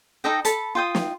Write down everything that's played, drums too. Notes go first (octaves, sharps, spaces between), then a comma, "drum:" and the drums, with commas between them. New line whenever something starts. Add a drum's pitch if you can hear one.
D#4 A4 D#5 G5
A4 A5 B5, drum: hi-hat
F4 G5 D#6
drum: snare